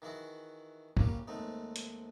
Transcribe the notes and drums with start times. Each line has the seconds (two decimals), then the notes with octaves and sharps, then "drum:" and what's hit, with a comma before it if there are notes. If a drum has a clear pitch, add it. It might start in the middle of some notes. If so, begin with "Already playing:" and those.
0.02 D#3 E3 E4 F#4 G#4
0.97 C#3 F#3 G3 A#3, drum: kick
1.27 D#2 G#2 A3 C4 D#4
1.76 drum: hi-hat